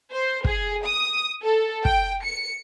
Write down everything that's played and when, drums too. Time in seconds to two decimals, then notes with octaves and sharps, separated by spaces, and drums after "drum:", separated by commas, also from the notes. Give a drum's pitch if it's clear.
0.11 C5
0.44 G#4, drum: kick
0.85 D#6
1.43 A4
1.85 G5, drum: kick
2.24 C#7